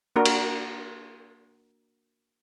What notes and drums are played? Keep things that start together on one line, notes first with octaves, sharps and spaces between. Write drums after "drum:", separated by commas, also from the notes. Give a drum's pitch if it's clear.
A#3 D4 F#4 A#4
drum: cymbal